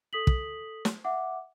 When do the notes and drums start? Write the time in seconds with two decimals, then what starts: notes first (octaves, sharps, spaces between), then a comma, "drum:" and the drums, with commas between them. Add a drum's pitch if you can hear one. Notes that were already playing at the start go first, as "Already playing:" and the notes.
0.13 A4 D#6 B6 F#7
0.27 drum: kick
0.85 drum: snare
1.04 E5 F#5 D6